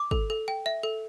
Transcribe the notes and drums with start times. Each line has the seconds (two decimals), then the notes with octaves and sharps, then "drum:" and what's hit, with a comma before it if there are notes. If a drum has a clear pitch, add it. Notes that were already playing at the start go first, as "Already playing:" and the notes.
Already playing: D6
0.11 A4, drum: kick
0.30 A4
0.48 G5
0.66 E5
0.83 A4